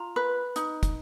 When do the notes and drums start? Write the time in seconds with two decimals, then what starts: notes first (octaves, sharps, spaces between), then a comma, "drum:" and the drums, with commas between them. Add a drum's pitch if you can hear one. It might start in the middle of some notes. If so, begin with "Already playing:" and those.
Already playing: F4 A#5
0.16 B4
0.56 D#4, drum: hi-hat
0.83 drum: kick, hi-hat